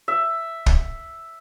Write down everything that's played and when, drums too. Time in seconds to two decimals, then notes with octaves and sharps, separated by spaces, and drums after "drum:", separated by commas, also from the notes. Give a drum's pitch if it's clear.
0.08 E5
0.66 drum: kick